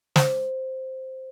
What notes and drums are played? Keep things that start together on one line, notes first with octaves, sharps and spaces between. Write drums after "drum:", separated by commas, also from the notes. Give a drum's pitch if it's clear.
C5, drum: snare